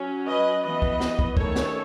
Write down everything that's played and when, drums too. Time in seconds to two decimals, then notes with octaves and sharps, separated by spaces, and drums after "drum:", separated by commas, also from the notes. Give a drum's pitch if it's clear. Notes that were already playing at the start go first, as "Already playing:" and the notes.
Already playing: F#3 C#4
0.27 B4 D#5
0.64 E3 B3 B4 D#5
0.82 drum: kick
1.00 drum: snare
1.19 drum: kick
1.37 D#3 A3 C#4 A4 C#5, drum: kick
1.56 drum: snare